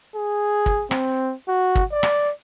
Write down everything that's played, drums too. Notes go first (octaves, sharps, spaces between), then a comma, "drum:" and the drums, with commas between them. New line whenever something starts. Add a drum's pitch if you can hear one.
G#4
drum: kick
C4, drum: rim click
F#4
drum: kick
D5
drum: rim click